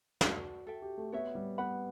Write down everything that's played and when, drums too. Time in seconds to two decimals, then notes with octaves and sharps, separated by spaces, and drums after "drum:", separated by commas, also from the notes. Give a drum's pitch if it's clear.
0.21 F#4 B4 D5 A5, drum: snare
0.67 A4 E5 G5
0.82 G4
0.97 A3
1.12 B3 F#4 C#5 E5
1.35 G3
1.58 B3 B4 F#5 B5